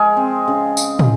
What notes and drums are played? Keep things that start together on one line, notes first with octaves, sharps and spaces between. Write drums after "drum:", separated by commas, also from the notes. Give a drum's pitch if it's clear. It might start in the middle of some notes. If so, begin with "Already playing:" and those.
Already playing: F3 G#3 G#4 A#4
C4
C#3
drum: tambourine
drum: tom